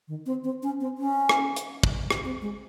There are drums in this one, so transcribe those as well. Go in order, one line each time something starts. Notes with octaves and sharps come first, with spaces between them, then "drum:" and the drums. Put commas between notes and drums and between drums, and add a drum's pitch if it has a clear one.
D#3
C4
C4
C#4
C4
C#4
drum: rim click
drum: hi-hat
drum: kick
drum: rim click
C4
G#3